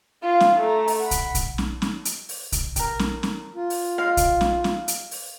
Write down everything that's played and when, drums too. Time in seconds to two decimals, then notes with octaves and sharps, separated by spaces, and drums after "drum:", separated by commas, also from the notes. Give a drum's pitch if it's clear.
0.23 F4 F5
0.40 drum: snare
0.60 A3 A#5
0.88 drum: open hi-hat
1.01 F#5 B5
1.11 drum: kick, hi-hat
1.35 drum: kick, hi-hat
1.58 drum: snare
1.82 drum: snare
2.05 drum: hi-hat
2.29 drum: open hi-hat
2.52 drum: kick, hi-hat
2.76 G4 A#4, drum: kick, hi-hat
2.99 drum: snare
3.23 drum: snare
3.56 F4
3.70 drum: open hi-hat
3.98 G#3 F5
4.17 drum: kick, hi-hat
4.41 drum: snare
4.64 drum: snare
4.88 drum: hi-hat
5.11 drum: open hi-hat